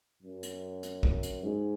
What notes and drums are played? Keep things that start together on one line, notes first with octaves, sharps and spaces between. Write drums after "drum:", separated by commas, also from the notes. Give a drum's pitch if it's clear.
F#2
drum: hi-hat
drum: hi-hat
drum: kick
drum: hi-hat
G#2